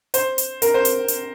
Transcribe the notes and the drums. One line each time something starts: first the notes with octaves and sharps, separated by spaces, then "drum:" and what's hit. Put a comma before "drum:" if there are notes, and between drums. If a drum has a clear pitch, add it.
C5, drum: hi-hat
drum: hi-hat
A#4, drum: hi-hat
C5
drum: hi-hat
drum: hi-hat